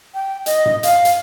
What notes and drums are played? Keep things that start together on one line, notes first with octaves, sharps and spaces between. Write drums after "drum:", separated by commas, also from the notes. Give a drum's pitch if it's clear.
G5
D#5, drum: hi-hat
drum: tom G2
F5, drum: hi-hat
drum: hi-hat